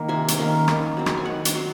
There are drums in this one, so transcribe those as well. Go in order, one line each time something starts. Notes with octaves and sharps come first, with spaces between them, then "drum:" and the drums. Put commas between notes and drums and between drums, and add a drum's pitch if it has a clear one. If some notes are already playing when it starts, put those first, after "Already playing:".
Already playing: D#3 A#3
C3 G#5
drum: hi-hat
D#3 A#3 C#4
D#3, drum: rim click
F#3 C4
drum: rim click
G#5
D#3 F#5
drum: hi-hat
F#3 C4